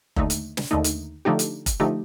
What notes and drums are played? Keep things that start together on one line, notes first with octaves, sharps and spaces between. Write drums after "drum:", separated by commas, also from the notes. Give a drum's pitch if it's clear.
D#2 D3 A3 D#4, drum: kick F1
drum: hi-hat
drum: snare
D#2 D3 A3 D#4
drum: hi-hat
D3 F3 A3 D#4 G4
drum: hi-hat
drum: kick F1, hi-hat
D3 F3 A3 D#4 G4